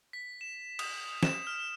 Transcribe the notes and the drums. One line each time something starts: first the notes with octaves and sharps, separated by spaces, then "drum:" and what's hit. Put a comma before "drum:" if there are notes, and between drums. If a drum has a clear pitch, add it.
B6
E7
D#6, drum: cymbal
E7, drum: snare
F6